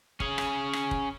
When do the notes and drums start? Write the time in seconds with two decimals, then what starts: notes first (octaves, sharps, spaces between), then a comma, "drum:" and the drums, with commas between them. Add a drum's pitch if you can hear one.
0.20 C#4 G#4, drum: kick
0.38 drum: rim click
0.73 drum: rim click
0.91 drum: kick